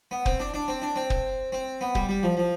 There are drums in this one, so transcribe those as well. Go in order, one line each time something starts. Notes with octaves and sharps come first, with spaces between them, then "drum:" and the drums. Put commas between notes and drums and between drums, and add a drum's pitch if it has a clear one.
B3
C4, drum: kick
D4
D4
C4
D4
C4
drum: kick
C4
B3
G3, drum: kick
G3
F3
F3